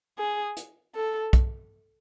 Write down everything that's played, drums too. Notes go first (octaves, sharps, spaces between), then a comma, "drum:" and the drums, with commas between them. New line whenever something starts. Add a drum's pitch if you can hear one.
G#4
drum: hi-hat
A4
drum: kick B1, hi-hat